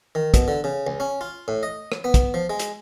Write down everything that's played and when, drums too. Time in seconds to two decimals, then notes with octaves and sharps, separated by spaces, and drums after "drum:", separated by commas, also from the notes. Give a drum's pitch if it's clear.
0.15 D#3
0.34 B2, drum: kick, hi-hat
0.48 D3
0.64 C#3
0.87 C#2
1.00 C#4
1.21 F4
1.48 A2
1.63 D#5
1.92 drum: rim click
2.04 B3
2.14 drum: kick, hi-hat
2.34 F3
2.50 G#3
2.59 drum: hi-hat